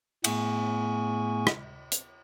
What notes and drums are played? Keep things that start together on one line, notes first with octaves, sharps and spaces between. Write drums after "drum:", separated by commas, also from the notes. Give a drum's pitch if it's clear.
A2 A3 B3 G#4 G#5 C#6, drum: cymbal
drum: rim click
drum: hi-hat